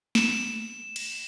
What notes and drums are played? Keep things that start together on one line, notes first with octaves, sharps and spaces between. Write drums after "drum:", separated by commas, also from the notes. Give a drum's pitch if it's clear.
E7, drum: snare
drum: cymbal